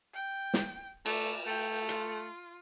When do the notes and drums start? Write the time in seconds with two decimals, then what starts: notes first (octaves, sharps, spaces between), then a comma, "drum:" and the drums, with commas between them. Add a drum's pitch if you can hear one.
0.13 G5
0.54 drum: snare
1.06 A3 D5, drum: cymbal
1.47 A3 G5
1.89 F4, drum: hi-hat